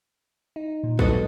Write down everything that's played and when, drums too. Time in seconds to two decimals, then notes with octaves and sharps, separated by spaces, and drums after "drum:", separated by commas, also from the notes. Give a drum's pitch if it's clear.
0.56 D#4
0.83 A#2
0.99 G#2 F#3 B3 F#4 A4 D#5, drum: kick A#1